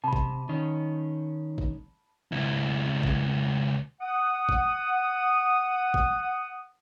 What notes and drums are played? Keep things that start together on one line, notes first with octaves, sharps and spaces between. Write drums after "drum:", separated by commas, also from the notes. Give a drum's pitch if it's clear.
C3 A5 B5
drum: kick
D#3 C#4
drum: kick
C#2 E4
drum: kick
F#5 D#6
drum: kick
drum: kick